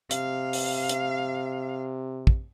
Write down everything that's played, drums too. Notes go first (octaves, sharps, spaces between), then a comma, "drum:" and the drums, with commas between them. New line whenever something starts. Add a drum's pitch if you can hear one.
C3 F5, drum: hi-hat
drum: open hi-hat
drum: hi-hat
drum: kick